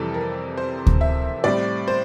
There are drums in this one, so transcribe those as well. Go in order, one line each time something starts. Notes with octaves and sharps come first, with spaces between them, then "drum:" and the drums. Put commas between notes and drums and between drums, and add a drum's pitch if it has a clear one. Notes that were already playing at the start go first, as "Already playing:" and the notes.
Already playing: F2 C3 E3 G3 A4
A#4
C5
drum: kick D2
E5
A2 G3 C4 D5
C5